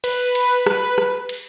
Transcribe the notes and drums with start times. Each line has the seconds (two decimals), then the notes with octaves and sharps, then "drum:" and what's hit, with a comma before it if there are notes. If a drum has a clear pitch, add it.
0.04 B4, drum: cymbal
0.35 drum: cymbal
0.66 drum: rim click
0.98 drum: rim click
1.29 drum: cymbal